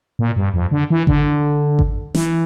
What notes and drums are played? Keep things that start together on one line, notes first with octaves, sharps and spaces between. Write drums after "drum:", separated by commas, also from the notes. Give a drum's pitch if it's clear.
A#2
G2
F2
D3
E3
D3, drum: kick G#1
drum: kick G#1
E3, drum: snare